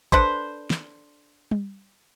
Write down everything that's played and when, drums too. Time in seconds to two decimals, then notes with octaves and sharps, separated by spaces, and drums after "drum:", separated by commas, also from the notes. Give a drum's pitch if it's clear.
0.12 D4 A4 B4 C5, drum: kick
0.70 drum: snare
1.51 drum: tom G3